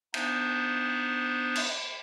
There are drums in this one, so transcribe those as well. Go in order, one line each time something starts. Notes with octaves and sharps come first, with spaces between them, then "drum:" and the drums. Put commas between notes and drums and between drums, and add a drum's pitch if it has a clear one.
B3 D4 D#4 C5, drum: cymbal
drum: cymbal